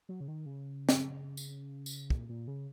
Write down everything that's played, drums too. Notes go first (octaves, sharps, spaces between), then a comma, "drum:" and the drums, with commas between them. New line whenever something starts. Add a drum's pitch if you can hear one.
F#3
C#3
D#3
C#3
drum: snare
drum: tambourine
drum: tambourine
A#2, drum: kick
A#2
C#3